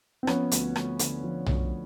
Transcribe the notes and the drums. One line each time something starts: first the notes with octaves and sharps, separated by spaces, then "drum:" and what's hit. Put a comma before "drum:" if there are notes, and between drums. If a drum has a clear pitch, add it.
C4
F3 B3 C#4, drum: rim click
D2, drum: hi-hat
D2, drum: rim click
D3, drum: hi-hat
F3
D2, drum: tom B1